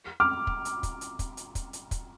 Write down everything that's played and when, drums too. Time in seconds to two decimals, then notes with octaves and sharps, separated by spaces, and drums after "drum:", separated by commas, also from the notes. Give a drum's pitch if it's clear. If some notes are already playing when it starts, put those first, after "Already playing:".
0.20 D6 F6
0.47 drum: kick
0.65 drum: hi-hat
0.83 drum: kick, hi-hat
1.01 drum: hi-hat
1.19 drum: kick, hi-hat
1.37 drum: hi-hat
1.55 drum: kick, hi-hat
1.73 drum: hi-hat
1.91 drum: kick, hi-hat